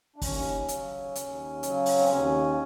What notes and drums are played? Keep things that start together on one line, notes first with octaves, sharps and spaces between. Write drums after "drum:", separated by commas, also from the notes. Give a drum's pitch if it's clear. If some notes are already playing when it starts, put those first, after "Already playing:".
D4
D#2 C#4, drum: kick, open hi-hat
C#3 F#3, drum: hi-hat
D#2, drum: hi-hat
C#3 F#3, drum: hi-hat
drum: open hi-hat
C4
D#2 C#4